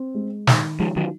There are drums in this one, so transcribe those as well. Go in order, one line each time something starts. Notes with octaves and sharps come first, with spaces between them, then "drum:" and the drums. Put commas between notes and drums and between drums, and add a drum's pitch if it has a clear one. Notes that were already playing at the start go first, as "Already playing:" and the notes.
Already playing: C4
G#3
D#3, drum: snare
F3 G#3 D#4
D#3 F#3